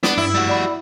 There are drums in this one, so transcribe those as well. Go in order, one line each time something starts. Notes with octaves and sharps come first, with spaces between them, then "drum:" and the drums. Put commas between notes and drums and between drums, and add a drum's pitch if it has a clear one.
B3 D4, drum: snare
G2 E4
G3 F#4
D5 B5